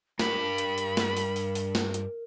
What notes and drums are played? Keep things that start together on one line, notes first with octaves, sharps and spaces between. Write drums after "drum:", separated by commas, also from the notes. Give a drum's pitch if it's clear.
G2 G4 A#4 B5, drum: snare
drum: hi-hat
drum: hi-hat
drum: snare
drum: open hi-hat
drum: open hi-hat
drum: open hi-hat
drum: snare
drum: hi-hat